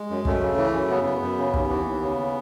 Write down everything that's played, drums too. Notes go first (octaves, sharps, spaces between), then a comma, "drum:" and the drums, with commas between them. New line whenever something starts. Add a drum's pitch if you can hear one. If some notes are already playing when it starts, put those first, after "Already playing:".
Already playing: G#3
F#2
F#2 A3, drum: kick
C#3
E3
F#2
C#3 B3
F#2
F#2
C#3
D#2, drum: kick
E3
D#2
C#3